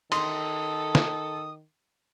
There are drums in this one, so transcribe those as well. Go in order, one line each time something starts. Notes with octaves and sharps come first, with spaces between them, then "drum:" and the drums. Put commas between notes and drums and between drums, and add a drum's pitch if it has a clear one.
D#3 A4 C6 D#6, drum: cymbal
drum: snare